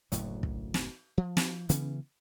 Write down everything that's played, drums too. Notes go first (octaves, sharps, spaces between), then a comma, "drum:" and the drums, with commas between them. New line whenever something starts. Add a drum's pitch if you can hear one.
F#1 D2 A2 F#3, drum: hi-hat
drum: kick
drum: snare
F3
drum: snare
C#3 E3 B3 C#4, drum: hi-hat